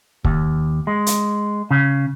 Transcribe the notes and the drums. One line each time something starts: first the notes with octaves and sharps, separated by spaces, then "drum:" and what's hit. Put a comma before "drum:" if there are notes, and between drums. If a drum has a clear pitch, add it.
D#2, drum: kick C#1
G#3
drum: hi-hat
C#3